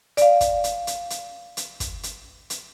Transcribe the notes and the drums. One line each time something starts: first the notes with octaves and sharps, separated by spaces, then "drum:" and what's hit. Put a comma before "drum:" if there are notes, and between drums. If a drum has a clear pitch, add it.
D5 F5, drum: hi-hat
drum: kick, hi-hat
drum: hi-hat
drum: hi-hat
drum: hi-hat
drum: hi-hat
drum: kick, hi-hat
drum: hi-hat
drum: hi-hat